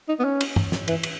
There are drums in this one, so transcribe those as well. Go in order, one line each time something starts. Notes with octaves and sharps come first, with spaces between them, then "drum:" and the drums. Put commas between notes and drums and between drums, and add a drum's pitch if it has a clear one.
D#4
B3
C#4
drum: cymbal
drum: tom
drum: snare
E3, drum: cymbal
drum: cymbal